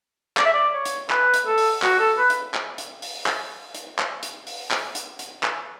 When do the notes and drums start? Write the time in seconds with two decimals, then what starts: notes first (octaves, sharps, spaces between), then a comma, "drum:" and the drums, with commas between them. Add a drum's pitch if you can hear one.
0.37 D5, drum: clap
0.45 E5
0.53 D5
0.73 C#5
0.85 drum: hi-hat
1.10 B4, drum: clap
1.34 drum: hi-hat
1.46 A4
1.58 drum: open hi-hat
1.82 F#4, drum: clap
1.99 A4
2.18 B4
2.30 drum: hi-hat
2.54 drum: clap
2.78 drum: hi-hat
3.02 drum: open hi-hat
3.26 drum: clap
3.75 drum: hi-hat
3.99 drum: clap
4.23 drum: hi-hat
4.47 drum: open hi-hat
4.71 drum: clap
4.95 drum: hi-hat
5.19 drum: hi-hat
5.43 drum: clap